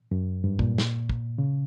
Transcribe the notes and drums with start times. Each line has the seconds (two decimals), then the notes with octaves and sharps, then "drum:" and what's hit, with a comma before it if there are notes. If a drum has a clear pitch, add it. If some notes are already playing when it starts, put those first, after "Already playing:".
0.11 F#2
0.44 G2
0.59 A#2, drum: kick
0.78 drum: snare
1.09 drum: kick
1.38 C#3